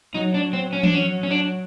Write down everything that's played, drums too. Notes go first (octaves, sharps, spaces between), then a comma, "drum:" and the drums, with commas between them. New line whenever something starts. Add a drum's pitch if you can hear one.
F#3 D#4
D4
F#3
C4
C#4
D4, drum: tom E3
C#4
C#4
D4